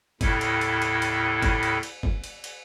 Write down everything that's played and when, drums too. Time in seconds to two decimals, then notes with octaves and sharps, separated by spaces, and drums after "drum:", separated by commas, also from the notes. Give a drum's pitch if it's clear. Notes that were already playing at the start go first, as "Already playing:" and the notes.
0.21 D#2 A2 C#3 E4 A4, drum: kick F#1, cymbal
0.41 drum: cymbal
0.61 drum: cymbal
0.82 drum: cymbal
1.02 drum: cymbal
1.42 drum: kick F#1, cymbal
1.63 drum: cymbal
1.83 drum: cymbal
2.03 drum: kick F#1
2.24 drum: cymbal
2.44 drum: cymbal